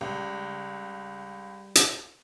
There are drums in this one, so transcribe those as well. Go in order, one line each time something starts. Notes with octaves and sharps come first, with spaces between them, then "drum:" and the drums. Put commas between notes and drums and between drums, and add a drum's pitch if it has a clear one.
C#2 G3
drum: hi-hat